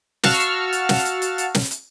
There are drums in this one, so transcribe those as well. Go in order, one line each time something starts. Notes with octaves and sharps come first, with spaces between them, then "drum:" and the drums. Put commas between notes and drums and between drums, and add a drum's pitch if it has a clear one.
F#4 F5 A5 C#6 E6 F6, drum: snare
drum: hi-hat
drum: hi-hat
drum: snare
drum: hi-hat
drum: hi-hat
drum: hi-hat
drum: snare
drum: hi-hat